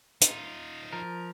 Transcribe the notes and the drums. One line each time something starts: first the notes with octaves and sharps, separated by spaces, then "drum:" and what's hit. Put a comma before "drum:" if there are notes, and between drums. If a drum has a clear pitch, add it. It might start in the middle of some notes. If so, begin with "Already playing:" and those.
D#4 F4, drum: hi-hat
F3 A#4